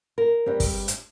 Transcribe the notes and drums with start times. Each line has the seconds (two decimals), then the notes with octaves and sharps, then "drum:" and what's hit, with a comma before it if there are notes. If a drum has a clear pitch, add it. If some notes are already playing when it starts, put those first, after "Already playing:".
0.18 A#4
0.46 G2 G3 C4
0.60 drum: kick, open hi-hat
0.88 drum: hi-hat